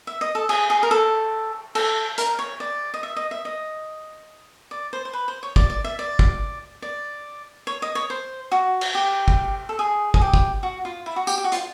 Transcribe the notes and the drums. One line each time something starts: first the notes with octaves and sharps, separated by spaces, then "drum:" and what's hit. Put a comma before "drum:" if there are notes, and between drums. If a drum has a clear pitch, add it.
E5
D#5
A4
G#4, drum: cymbal
G#4
A#4
A4
A4, drum: cymbal
A#4, drum: hi-hat
C#5
D5
D#5
E5
D#5
E5
D#5
D5
C5
C5
B4
C5
C#5
D5, drum: kick
D5
E5
D5
drum: kick
D5
C#5
D#5
C#5
C5
F#4
drum: cymbal
G4
drum: kick
A4
G#4
G#4, drum: kick
G4
drum: kick
F#4
F4
E4
F#4
G4, drum: tambourine
G4
F#4
F4, drum: hi-hat